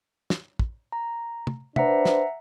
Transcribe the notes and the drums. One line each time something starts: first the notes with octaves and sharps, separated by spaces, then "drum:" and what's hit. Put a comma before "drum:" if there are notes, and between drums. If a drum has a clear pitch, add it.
drum: snare
drum: kick
A#5
drum: tom
D4 B4 C5 E5 F#5 A#5, drum: tom
drum: snare